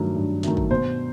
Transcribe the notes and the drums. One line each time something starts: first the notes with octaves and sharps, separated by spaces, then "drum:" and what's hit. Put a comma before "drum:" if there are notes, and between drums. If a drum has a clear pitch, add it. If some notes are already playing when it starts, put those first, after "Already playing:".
Already playing: G2 D#3 F#3 A3
G2
D#3 F#3 A3, drum: snare
drum: kick
B2 C5